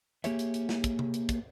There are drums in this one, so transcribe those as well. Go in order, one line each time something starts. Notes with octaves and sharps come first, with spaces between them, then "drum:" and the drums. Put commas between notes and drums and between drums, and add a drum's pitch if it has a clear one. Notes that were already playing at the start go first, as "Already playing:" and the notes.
A#3 G4 G#4 C#5 E5, drum: hi-hat
drum: hi-hat
drum: hi-hat
drum: snare
drum: kick, hi-hat
drum: tom C3
drum: hi-hat
drum: kick, hi-hat